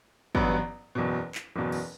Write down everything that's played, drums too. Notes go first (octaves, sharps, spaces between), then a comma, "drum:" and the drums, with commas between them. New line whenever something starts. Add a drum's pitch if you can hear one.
A1 G2 F#3 B3, drum: kick
F#1 E2 B2
drum: clap
F#1 E2 B2
drum: cymbal